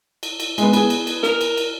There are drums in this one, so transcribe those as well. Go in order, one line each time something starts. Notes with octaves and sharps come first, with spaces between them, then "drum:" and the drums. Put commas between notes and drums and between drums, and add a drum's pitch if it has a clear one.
drum: cymbal
drum: cymbal
G#3 B3, drum: cymbal
B3 G#4, drum: cymbal
drum: cymbal
drum: cymbal
A#4, drum: snare
drum: cymbal
drum: cymbal